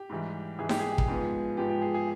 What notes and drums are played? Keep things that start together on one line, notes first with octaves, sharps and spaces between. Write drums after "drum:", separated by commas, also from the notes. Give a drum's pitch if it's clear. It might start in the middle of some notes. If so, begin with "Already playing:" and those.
Already playing: G4
G#2 E3 G3
G#2 E3 G3 G#4
G4, drum: snare D#4
G#4
drum: kick
G#2 F3 G#3 B3
G#2 F3 G#3 B3 G4
G4
G#4
G#4